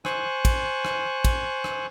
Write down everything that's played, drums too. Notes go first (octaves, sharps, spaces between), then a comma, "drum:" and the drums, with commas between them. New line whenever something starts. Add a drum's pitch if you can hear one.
C5 G#5 C#6 F#6, drum: rim click
drum: kick, cymbal
drum: rim click
drum: kick, cymbal
drum: rim click